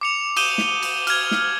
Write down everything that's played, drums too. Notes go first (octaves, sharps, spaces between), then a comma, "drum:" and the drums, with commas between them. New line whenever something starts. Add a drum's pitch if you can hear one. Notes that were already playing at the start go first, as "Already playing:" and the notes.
D6 C#7 F7
D#6 G6 D#7 E7 G7, drum: cymbal
drum: snare
drum: cymbal
F6 G#6, drum: cymbal
drum: snare